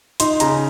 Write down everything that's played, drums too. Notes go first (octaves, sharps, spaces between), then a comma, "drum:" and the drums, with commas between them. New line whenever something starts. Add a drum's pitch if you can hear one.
D#4 C6, drum: hi-hat
C#3 A#5, drum: hi-hat